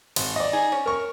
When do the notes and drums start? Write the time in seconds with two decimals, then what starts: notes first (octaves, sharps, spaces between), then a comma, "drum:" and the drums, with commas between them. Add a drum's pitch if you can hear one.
0.16 G#1, drum: cymbal
0.36 D5 D#5
0.53 D#4 G#4
0.72 C#4
0.86 A#4 C#6